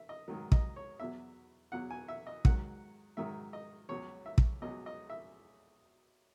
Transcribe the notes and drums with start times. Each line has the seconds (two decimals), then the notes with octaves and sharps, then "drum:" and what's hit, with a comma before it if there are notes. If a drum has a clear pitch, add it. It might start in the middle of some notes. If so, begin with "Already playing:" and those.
Already playing: E5
0.09 D#5
0.28 G#2 D#3 F#3
0.52 D#5, drum: kick
0.76 C#5
1.00 E2 B2 F#3 E5
1.72 E2 B2 F#3 F#5
1.90 G#5
2.08 E5
2.27 D#5
2.45 G#2 D#3 F#3 F#5, drum: kick
3.17 G#2 D#3 F#3 E5
3.53 D#5
3.89 C#2 B2 F#3 C#5
4.26 E5
4.38 drum: kick
4.62 C#2 B2 F#3 D#5
4.86 D#5
5.10 E5